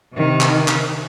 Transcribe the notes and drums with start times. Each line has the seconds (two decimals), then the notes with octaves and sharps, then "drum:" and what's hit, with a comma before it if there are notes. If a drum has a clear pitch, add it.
0.13 C3 D#3
0.41 drum: clap
0.68 drum: clap